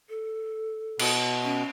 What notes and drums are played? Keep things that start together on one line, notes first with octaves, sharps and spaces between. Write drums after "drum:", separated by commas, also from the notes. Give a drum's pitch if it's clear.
A4
B2, drum: cymbal
C#4